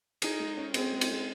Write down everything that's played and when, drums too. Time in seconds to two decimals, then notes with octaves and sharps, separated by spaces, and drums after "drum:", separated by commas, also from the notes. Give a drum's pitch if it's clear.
0.22 D#4 G#4, drum: cymbal
0.40 G#3
0.57 C#4
0.74 C4 G#4, drum: cymbal
0.92 G#3
1.01 drum: cymbal
1.10 G#3